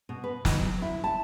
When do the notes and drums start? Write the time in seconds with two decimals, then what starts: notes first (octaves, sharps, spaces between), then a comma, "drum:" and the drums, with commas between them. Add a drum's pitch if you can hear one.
0.09 B2
0.24 B4
0.45 D#4, drum: snare
0.59 F#3
0.82 E4
1.04 A5